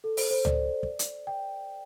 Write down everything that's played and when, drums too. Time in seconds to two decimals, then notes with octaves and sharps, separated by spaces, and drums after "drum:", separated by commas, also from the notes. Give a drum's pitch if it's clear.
0.04 A4
0.17 C5, drum: open hi-hat
0.31 C5
0.45 D5, drum: tom C#2
0.83 drum: kick
0.99 drum: hi-hat
1.27 G5